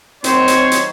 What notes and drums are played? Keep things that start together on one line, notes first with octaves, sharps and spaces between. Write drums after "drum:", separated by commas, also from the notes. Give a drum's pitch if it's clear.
D#3 F#3 C4 C5 C#5, drum: hi-hat
drum: hi-hat
drum: hi-hat